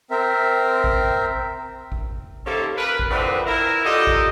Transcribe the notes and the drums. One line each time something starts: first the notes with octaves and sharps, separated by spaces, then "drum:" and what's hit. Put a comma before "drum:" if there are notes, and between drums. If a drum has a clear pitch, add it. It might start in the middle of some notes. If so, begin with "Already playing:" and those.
C4 A#4 E5
drum: kick A1
drum: kick A1
C3 D#3 A#3 C#4 A4
A#4 B4
drum: kick A1
D3 E3 F3 C4 B4 C5
E4 A#4
D3 F4 G4 A4 D#5
drum: kick A1